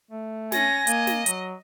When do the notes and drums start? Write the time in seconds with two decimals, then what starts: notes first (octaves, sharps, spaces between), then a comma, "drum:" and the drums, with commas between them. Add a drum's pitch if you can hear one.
0.11 A3
0.52 C#4 G#5 A#6, drum: snare
0.87 A#3 D#5, drum: hi-hat
1.07 drum: snare
1.26 F#3, drum: hi-hat